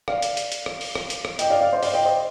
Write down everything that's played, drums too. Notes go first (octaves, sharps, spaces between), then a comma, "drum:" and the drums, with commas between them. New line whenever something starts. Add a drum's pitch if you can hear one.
D5 F5, drum: rim click
drum: hi-hat
drum: hi-hat
drum: hi-hat
drum: rim click
drum: open hi-hat
drum: rim click
drum: hi-hat
drum: rim click
D#5 G5, drum: hi-hat
D5 F5
D5 F5
C5 D#5
D5 F5, drum: open hi-hat
D#5 G5
C5 D#5